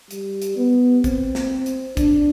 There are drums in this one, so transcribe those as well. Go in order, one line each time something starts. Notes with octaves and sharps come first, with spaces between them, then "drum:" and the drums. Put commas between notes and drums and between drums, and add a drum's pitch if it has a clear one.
G3, drum: hi-hat
drum: hi-hat
B3
C4, drum: kick, hi-hat
drum: snare
drum: hi-hat
D4, drum: kick, hi-hat